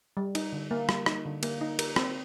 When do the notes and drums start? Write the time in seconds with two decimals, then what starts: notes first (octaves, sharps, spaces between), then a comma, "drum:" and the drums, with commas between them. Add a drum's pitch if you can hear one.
0.17 G3
0.35 D#4, drum: cymbal
0.52 D3
0.71 A#3
0.89 G3, drum: rim click
1.06 D#4, drum: rim click
1.25 D3
1.43 A#3, drum: cymbal
1.61 D#4
1.79 A#4, drum: cymbal
1.96 C4, drum: rim click